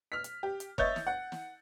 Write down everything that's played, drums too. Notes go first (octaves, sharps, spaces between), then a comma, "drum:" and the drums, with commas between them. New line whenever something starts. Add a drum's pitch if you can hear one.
F6 B6
drum: hi-hat
G4
drum: hi-hat
C#5 D#5 E5 G6 A6, drum: kick F#1
drum: snare
F#5
drum: snare